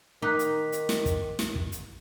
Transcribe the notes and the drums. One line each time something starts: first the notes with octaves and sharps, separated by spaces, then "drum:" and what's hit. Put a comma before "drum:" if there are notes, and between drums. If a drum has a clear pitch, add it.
D#3 D#4 D6 F#6 B6
drum: hi-hat
drum: hi-hat
drum: snare
drum: kick, hi-hat
drum: snare
drum: kick
drum: hi-hat